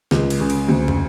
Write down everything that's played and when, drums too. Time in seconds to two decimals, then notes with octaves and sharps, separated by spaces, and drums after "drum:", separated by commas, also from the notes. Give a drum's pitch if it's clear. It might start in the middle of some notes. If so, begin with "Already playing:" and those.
0.11 C#2, drum: snare
0.30 drum: cymbal
0.39 C#3
0.50 drum: cymbal
0.68 D2
0.88 drum: tom